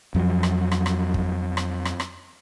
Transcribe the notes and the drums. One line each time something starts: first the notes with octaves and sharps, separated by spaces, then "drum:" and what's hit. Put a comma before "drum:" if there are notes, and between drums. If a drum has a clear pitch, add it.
F2 F3 F#3
drum: rim click
drum: rim click
drum: rim click
drum: kick
drum: rim click
drum: rim click
drum: rim click